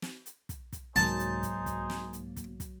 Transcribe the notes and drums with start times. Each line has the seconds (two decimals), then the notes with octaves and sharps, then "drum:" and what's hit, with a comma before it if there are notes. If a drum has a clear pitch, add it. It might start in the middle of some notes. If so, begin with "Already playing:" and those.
0.02 drum: snare
0.26 drum: hi-hat
0.49 drum: kick, hi-hat
0.73 drum: kick, hi-hat
0.96 C2 G#2 F#3 A#3 D#4 G#4 C5 A5, drum: snare
1.19 drum: hi-hat
1.43 drum: kick, hi-hat
1.66 drum: kick, hi-hat
1.90 drum: snare
2.13 drum: hi-hat
2.36 drum: kick, hi-hat
2.60 drum: kick, hi-hat